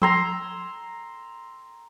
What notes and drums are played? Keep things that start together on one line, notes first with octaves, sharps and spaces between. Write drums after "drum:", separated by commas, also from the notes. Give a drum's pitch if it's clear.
A#5 C6 E6, drum: tom F3